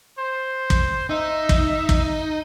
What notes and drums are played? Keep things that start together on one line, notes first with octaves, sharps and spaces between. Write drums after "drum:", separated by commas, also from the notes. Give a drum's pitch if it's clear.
C5
drum: kick
D#4 E5
drum: kick
drum: kick